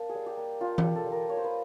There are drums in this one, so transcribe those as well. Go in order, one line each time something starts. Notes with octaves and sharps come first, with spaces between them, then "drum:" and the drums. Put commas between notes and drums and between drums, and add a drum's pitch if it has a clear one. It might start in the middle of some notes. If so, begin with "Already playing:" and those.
Already playing: A#3 D4
G#4
G3
G4
A#3
D4 F4
G4, drum: tom E3
G3
A4
G3
A#4
A#3 C#5
C5
B4